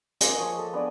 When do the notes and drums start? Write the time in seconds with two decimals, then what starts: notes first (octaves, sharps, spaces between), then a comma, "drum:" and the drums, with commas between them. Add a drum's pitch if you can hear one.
0.21 G#3 A#3, drum: hi-hat
0.37 F3 C#5 D#5 D#6
0.59 A4
0.74 B3 D4 D5